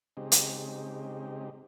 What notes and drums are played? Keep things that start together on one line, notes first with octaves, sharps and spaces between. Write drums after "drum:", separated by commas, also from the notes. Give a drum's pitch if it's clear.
C#3 G#3 C4 D#4 G4
drum: hi-hat